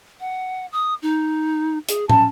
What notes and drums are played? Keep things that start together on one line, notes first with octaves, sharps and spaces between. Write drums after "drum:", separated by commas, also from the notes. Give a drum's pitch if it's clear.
F#5
D#6
D#4
G#4, drum: hi-hat
C#4 A5, drum: tom